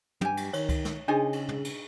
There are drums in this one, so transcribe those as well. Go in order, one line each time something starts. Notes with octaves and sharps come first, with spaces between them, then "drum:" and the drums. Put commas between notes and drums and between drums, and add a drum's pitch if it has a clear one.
G2 G4 G#5, drum: tom
drum: cymbal
D#3 C#5, drum: cymbal
drum: kick C#2, cymbal
drum: snare
C#3 D4 D#4 G#4 C5 D#5 G#5
drum: cymbal
drum: tom
drum: cymbal